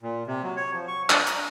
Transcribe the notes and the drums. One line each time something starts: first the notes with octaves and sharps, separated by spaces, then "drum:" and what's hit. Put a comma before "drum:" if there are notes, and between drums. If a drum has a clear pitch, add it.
A#2
C3
F#3
C#5
F3
C#6
D4, drum: clap
A#5, drum: hi-hat